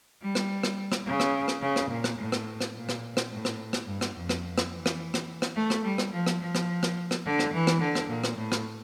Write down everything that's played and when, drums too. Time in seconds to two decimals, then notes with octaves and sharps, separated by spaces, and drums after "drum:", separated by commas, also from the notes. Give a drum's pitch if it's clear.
0.21 G3
0.35 drum: rim click
0.63 drum: rim click
0.92 drum: rim click
1.06 C#3
1.20 drum: rim click
1.48 drum: rim click
1.62 C#3
1.76 drum: rim click
1.90 A#2
2.04 drum: rim click
2.18 A2
2.32 drum: rim click
2.61 drum: rim click
2.75 A#2
2.89 drum: rim click
3.17 drum: rim click
3.31 A2
3.45 drum: rim click
3.73 drum: rim click
3.87 G2
4.01 drum: rim click
4.15 F2
4.29 drum: rim click
4.58 drum: rim click
4.72 E3
4.86 drum: rim click
5.14 drum: rim click
5.42 drum: rim click
5.56 A3
5.70 drum: rim click
5.85 G3
5.98 drum: rim click
6.13 F3
6.26 drum: rim click
6.41 F3
6.55 drum: rim click
6.83 drum: rim click
7.11 drum: rim click
7.26 D3
7.39 drum: rim click
7.53 E3
7.67 drum: rim click
7.81 D3
7.95 drum: rim click
8.09 A#2
8.24 drum: rim click
8.37 A2
8.52 drum: rim click